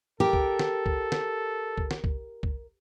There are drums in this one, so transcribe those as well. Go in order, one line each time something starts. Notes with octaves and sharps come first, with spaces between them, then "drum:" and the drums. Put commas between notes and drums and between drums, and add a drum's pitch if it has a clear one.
G4 A4 A#4
drum: kick
drum: snare
drum: kick
drum: snare
drum: kick
drum: snare
drum: kick
drum: kick